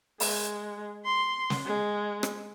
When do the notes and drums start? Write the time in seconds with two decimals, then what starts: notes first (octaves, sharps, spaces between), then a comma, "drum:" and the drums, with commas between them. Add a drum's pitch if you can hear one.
0.20 G#3, drum: open hi-hat
1.05 C6
1.50 drum: snare
1.66 G#3
2.23 drum: rim click